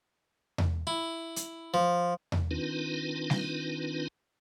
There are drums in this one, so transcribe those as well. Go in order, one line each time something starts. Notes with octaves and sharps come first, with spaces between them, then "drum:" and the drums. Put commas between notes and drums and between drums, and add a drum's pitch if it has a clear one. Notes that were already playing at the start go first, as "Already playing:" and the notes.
drum: tom E2
E4
drum: hi-hat
F3
drum: tom E2
D#3 C4 D4 D#4 F4 B4
drum: snare G3